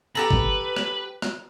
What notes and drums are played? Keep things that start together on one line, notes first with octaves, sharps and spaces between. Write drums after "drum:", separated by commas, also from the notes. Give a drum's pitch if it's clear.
G4 A4 B4 A#5
drum: kick G1
drum: rim click
drum: rim click